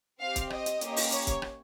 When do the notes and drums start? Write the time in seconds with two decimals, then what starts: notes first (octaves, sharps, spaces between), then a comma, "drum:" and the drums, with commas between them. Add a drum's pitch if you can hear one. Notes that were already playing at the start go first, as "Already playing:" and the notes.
0.20 C4 G4 F5
0.36 drum: kick, hi-hat
0.50 D#5, drum: rim click
0.66 drum: hi-hat
0.81 A#3 C#4 G4, drum: hi-hat
0.96 drum: open hi-hat
1.12 C#5, drum: hi-hat
1.27 drum: kick, hi-hat
1.42 drum: rim click